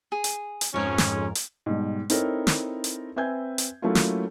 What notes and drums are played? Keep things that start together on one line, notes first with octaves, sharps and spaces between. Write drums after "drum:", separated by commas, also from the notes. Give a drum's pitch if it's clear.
G#4
drum: hi-hat
drum: hi-hat
F2 G#2 C#4 A#4 C#5
drum: snare
drum: hi-hat
G#2 B2 G3
C4 D#4 E4 A4 A#4 C#5, drum: hi-hat
drum: snare
drum: hi-hat
C4 B4 E5 G#5 G6 G#6
drum: hi-hat
F#3 A3 A#3 C#4 E4 F4
drum: snare